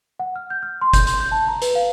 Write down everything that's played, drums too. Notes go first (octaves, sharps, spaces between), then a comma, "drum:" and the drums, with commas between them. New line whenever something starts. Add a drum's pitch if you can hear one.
F#5
F6
G6
F6
C6
G6, drum: kick F#1, hi-hat
C6, drum: hi-hat
G6
A5
A#5
B4, drum: hi-hat
F5